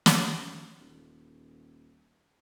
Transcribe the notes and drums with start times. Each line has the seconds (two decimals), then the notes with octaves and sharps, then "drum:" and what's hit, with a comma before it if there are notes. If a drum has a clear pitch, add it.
0.06 F#2, drum: snare
0.80 D#1